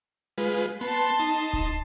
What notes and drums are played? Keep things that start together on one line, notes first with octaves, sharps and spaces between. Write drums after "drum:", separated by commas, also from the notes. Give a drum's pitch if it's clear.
G#3 F4 B4
B3 A5 C6, drum: open hi-hat
D#4
drum: kick D1